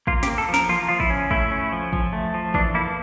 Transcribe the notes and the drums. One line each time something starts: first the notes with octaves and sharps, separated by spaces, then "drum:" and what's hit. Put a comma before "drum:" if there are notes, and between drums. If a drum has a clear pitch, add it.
A#3 F4, drum: kick
G4, drum: snare
A#3
A4
F3
A#4, drum: snare
A#3 F4, drum: tom E3
F3 F4
E4, drum: kick
C#4
A3 E4, drum: kick
C#4
F3
F3, drum: kick
A3
F3
E3 D4, drum: kick
A#3 E4